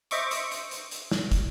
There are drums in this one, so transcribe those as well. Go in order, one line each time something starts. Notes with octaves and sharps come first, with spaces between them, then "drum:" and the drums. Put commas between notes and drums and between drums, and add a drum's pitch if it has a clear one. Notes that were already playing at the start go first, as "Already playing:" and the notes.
C5 D#5 E5 C#6 D6, drum: hi-hat
drum: hi-hat
drum: hi-hat
drum: hi-hat
drum: hi-hat
drum: snare
drum: kick, hi-hat